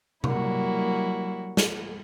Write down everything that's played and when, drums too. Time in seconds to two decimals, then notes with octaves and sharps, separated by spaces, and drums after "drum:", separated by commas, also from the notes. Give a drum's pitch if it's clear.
0.24 F#3 G3 A#3 E4 F#4, drum: tom C3
1.57 drum: snare